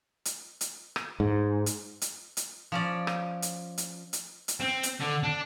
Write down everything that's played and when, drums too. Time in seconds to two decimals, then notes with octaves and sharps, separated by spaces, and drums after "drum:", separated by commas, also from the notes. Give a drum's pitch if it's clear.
0.25 drum: hi-hat
0.61 drum: hi-hat
0.96 drum: rim click
1.20 G#2
1.66 drum: hi-hat
2.01 drum: hi-hat
2.37 drum: hi-hat
2.72 F3 C#4 D5
3.07 drum: rim click
3.42 drum: hi-hat
3.78 drum: hi-hat
4.13 drum: hi-hat
4.48 drum: hi-hat
4.61 C4
4.83 drum: hi-hat
5.00 D3
5.23 D4